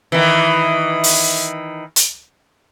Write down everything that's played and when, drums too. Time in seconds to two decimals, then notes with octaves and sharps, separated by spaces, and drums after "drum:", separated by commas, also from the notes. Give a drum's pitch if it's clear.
0.12 D#3 E3
1.04 drum: open hi-hat
1.96 drum: hi-hat